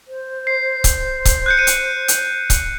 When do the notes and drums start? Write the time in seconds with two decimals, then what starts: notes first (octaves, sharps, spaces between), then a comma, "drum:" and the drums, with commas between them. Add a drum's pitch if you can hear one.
0.08 C5
0.47 C7
0.84 drum: kick C#1, hi-hat
1.25 drum: kick C#1, hi-hat
1.46 F#6 G6 C#7
1.57 C#7 D#7
1.67 drum: hi-hat
2.08 drum: hi-hat
2.50 drum: kick C#1, hi-hat